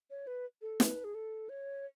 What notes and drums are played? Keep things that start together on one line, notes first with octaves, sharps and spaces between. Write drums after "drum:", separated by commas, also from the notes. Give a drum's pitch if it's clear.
C#5
B4
A4
B4, drum: snare
G#4
A4
C#5